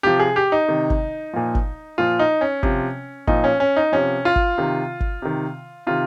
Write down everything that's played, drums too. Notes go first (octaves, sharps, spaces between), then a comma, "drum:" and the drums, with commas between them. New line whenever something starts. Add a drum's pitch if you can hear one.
C3 F3 G4
G#4
G4
D#4
C3 D#3
drum: kick G1
A#2 F3
drum: kick G1
A#2 F3 F4
D#4
C#4
C3 F3, drum: kick G1
A#2 F3 D#4, drum: kick G1
C#4
C#4
D#4
C3 F3 C#4
F4
drum: kick G1
C3 D#3
drum: kick G1
C3 D#3
C3 D#3 F4